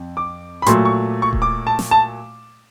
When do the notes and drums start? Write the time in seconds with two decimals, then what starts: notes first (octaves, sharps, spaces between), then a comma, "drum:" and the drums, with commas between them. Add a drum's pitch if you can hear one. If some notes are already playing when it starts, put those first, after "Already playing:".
Already playing: F2
0.17 D6
0.62 B5
0.66 A#2 F#3 A3 C6, drum: hi-hat
0.85 C#6
1.22 C#6
1.33 drum: kick D#1
1.42 D6
1.67 A5
1.79 drum: snare
1.91 A5